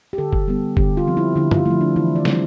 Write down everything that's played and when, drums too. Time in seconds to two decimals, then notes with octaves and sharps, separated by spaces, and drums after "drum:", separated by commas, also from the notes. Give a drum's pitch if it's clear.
0.13 G4
0.18 D3 A4
0.33 drum: kick
0.48 G3 B3
0.77 D3 G4, drum: kick
0.97 F4
1.07 F3 C4
1.17 E4
1.36 D3 E4
1.51 F4, drum: tom G2
1.65 F3 A3 E4
1.81 D4
1.96 E3 E4
2.16 D5
2.25 G3 C4, drum: snare